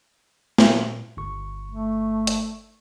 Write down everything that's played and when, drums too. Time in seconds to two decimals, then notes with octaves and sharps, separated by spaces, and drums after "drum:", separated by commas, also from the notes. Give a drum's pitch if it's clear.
0.58 A#2, drum: snare
1.17 G1 C#6
1.71 A3
2.27 drum: hi-hat